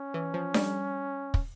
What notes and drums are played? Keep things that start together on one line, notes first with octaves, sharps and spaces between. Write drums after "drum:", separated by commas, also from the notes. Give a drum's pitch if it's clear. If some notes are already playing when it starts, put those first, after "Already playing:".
Already playing: C#4
E3
F3
G3, drum: snare D4
drum: kick